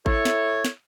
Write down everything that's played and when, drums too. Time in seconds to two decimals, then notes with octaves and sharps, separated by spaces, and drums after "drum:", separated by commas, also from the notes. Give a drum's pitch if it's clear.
0.06 E4 A4 C#5, drum: kick G#1
0.25 drum: snare
0.65 drum: snare